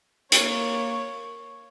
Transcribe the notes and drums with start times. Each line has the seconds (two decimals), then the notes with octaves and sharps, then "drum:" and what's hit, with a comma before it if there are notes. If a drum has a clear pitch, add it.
0.32 A#3 C#5, drum: hi-hat